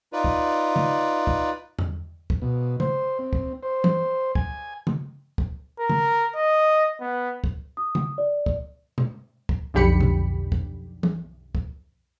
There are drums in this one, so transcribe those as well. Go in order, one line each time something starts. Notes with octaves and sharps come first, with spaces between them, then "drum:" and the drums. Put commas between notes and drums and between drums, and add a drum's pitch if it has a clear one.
D#4 F4 B4 D5
drum: kick
drum: tom C#3
drum: kick
drum: tom E2
drum: kick
B2
C5, drum: tom C#3
C4
drum: kick
C5
drum: tom E3
G#5, drum: kick
drum: tom C#3
drum: kick
A#4
drum: tom C#3
D#5
B3
drum: kick
D#6
drum: tom C#3
D5
drum: kick
drum: tom B2
drum: kick
B1 F2 D3 G4 B5 C#7
drum: tom B2
drum: kick
drum: tom E3
drum: kick